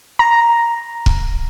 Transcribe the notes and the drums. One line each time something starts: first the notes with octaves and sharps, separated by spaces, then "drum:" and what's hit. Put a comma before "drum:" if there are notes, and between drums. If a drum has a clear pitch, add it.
A#5
drum: kick